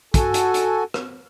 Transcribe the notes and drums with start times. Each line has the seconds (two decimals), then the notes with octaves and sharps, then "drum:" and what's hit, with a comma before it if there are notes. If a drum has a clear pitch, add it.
0.14 F#4 A4 G#5, drum: kick, hi-hat
0.34 drum: hi-hat
0.54 drum: hi-hat
0.94 drum: rim click